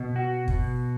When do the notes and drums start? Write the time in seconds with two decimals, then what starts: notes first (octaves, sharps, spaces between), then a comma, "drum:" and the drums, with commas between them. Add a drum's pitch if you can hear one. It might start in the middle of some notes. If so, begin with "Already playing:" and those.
Already playing: B2
0.16 F#4
0.48 B2, drum: kick